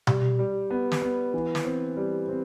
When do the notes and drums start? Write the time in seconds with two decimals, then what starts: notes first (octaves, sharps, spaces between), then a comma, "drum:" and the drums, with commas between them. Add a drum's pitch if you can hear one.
0.07 G3, drum: tom B2
0.39 G3
0.70 B3
0.91 drum: snare
1.02 B3
1.34 E3
1.55 drum: snare
1.65 C4
1.97 G3
2.29 C4